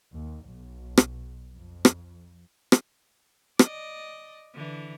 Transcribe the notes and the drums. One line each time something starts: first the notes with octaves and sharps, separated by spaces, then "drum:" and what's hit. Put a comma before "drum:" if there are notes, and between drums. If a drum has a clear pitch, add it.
D#2
B1
drum: rim click
F2
drum: rim click
drum: rim click
D5 D#5, drum: rim click
D3 E3